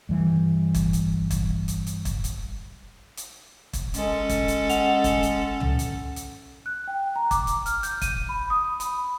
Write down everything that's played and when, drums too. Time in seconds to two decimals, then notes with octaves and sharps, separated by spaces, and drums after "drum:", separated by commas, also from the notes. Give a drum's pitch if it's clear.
0.09 G2 E3 G3
0.74 drum: kick, hi-hat
0.93 drum: hi-hat
1.31 drum: kick, hi-hat
1.68 drum: hi-hat
1.87 drum: hi-hat
2.05 drum: kick, hi-hat
2.24 drum: hi-hat
3.17 drum: hi-hat
3.73 drum: kick, hi-hat
3.94 G#3 C#4 A4, drum: hi-hat
4.29 drum: kick, hi-hat
4.48 drum: hi-hat
4.69 F#5 F7, drum: hi-hat
5.04 drum: kick, hi-hat
5.23 drum: hi-hat
5.60 drum: tom
5.79 drum: hi-hat
6.16 drum: hi-hat
6.66 F#6
6.88 G5
7.16 A#5
7.31 D6, drum: kick, hi-hat
7.47 drum: hi-hat
7.66 F6, drum: hi-hat
7.83 G6, drum: hi-hat
8.02 D#7, drum: kick, hi-hat
8.29 B5
8.50 D#6
8.80 B5, drum: hi-hat